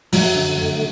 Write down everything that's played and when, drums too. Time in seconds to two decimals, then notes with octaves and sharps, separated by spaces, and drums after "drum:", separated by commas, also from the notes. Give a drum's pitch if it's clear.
0.12 F#2 F#3, drum: open hi-hat
0.35 D3
0.58 A3